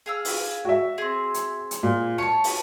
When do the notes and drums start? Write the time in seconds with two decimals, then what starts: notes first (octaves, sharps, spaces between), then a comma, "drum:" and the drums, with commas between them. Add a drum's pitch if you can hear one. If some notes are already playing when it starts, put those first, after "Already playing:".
0.06 G#4 F5 E6
0.25 drum: open hi-hat
0.65 F#4 E5
0.98 C4 G#4
1.34 drum: hi-hat
1.71 drum: hi-hat
1.83 A#2
2.18 C#5 A5 C#7
2.44 drum: open hi-hat